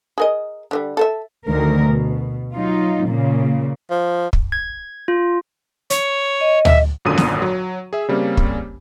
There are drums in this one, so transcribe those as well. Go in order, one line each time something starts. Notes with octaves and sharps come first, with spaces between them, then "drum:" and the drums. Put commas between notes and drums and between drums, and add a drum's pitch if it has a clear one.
G#4 A#4 D#5
D3 F#3 G3
A4 C5 E5
D2 D#3 A#4
B2
F#3 D#4 F4
A#2 C#3 A#3
F3
drum: kick
G#6
F4
C#5, drum: hi-hat
D#5
E5, drum: tom D2
G#1 F#2 A#2 D3 D#6 D#7
drum: snare
F#3
G#4 E5
C#3 G3 A#3 C4 C#4
drum: kick